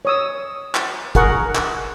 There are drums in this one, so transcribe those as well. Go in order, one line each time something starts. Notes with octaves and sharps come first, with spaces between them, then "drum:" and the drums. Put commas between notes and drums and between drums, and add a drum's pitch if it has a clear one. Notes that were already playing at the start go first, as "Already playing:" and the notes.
C#5 D#6 E6
drum: clap
G#4 A#4 F#5 C#6, drum: kick, hi-hat
drum: clap